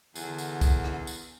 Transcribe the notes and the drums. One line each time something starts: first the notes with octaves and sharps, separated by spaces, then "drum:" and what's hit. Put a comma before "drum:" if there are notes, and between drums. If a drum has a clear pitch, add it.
E2 D3, drum: tambourine
drum: tambourine
drum: kick C2, tambourine
drum: rim click
drum: tambourine